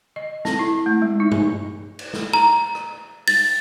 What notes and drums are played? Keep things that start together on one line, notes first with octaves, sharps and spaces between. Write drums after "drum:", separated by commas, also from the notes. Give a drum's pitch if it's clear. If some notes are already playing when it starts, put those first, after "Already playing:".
D#5
C4, drum: snare
E4
A3
G#3
D#4
drum: tom G2
drum: cymbal
drum: snare
A#5
drum: rim click
A6, drum: open hi-hat